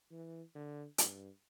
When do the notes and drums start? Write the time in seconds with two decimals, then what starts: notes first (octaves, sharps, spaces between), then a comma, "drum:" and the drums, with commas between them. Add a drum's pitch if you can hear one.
0.11 E3
0.55 D3
0.98 G2, drum: hi-hat